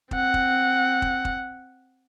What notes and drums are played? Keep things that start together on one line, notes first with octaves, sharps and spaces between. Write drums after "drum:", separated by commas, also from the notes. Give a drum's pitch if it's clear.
C4 F#5, drum: kick
drum: kick
drum: kick
drum: kick